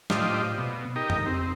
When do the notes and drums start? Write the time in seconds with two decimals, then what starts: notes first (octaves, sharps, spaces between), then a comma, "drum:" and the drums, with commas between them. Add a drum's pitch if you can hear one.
0.10 A2 F4 G4 C5 D5 D#5, drum: snare
0.58 B2
0.96 D#4 G4 A#4
1.10 drum: tom F2
1.26 C4